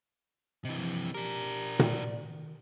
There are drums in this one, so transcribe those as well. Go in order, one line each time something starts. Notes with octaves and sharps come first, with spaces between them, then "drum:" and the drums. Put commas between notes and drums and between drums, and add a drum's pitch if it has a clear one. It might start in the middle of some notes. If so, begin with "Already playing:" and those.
C3 E3 D#5
F3
D4 G4 A#4
D5, drum: tom A#2
D#3